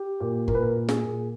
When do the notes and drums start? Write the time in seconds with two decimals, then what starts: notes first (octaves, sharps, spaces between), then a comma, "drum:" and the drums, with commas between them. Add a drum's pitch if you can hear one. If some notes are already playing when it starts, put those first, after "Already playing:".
Already playing: G4
0.20 A#2
0.48 A#2 A#4, drum: kick G1
0.55 B4
0.62 A#4
0.75 A#2
0.89 G#4, drum: snare
1.03 A#2